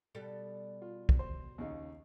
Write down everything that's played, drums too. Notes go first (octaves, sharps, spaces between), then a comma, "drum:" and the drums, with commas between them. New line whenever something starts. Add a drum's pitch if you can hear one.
B2 G3 A4
F4
drum: kick
C5
D#2 C#3 D#4